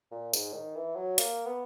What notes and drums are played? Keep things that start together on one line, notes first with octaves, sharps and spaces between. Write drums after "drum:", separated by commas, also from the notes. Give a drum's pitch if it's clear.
A#2
G#2, drum: tambourine
D#3
E3
F#3
A#3, drum: hi-hat
B3